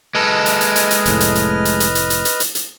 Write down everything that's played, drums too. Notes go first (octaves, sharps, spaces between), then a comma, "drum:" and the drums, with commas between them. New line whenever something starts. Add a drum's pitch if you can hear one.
G#3 A4 B4 D#5 F6
drum: hi-hat
drum: hi-hat
drum: hi-hat
drum: hi-hat
F1 A2, drum: hi-hat
drum: hi-hat
drum: hi-hat
drum: hi-hat
drum: hi-hat
drum: hi-hat
drum: hi-hat
drum: hi-hat
drum: hi-hat
drum: hi-hat